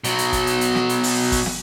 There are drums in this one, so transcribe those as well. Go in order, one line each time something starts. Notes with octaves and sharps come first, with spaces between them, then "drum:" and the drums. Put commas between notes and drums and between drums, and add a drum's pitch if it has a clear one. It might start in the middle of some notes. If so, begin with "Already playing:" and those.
B2 F#3, drum: hi-hat
drum: hi-hat
drum: kick, hi-hat
drum: hi-hat
drum: hi-hat
drum: snare
drum: hi-hat
drum: open hi-hat
drum: kick, open hi-hat
drum: snare